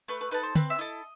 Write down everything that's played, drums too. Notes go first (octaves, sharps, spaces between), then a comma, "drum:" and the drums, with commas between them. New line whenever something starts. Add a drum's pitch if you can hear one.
A3 B4
B4
D#4 A4 B4
C5
C4 B4, drum: tom
E5
E4 A4 D#5